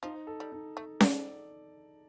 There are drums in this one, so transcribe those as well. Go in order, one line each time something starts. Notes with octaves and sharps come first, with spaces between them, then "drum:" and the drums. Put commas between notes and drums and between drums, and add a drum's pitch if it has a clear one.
F3 D#4
A4
G3
D#4
A3 A4
G3 D5, drum: snare C#4